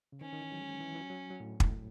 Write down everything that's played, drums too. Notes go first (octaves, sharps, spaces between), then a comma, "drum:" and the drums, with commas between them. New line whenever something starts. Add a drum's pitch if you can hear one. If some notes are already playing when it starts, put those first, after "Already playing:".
C#3
D#3 C#4
D#3
E3
F#3
G#3
E3
E3
F#3
F#3
F#3
A2
A2, drum: kick